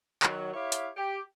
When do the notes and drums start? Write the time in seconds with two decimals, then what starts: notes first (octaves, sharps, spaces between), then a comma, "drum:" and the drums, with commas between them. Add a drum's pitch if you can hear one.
0.23 D#3 F#3, drum: clap
0.54 E4 G4 C#5 E5 F5
0.72 drum: hi-hat
0.96 G4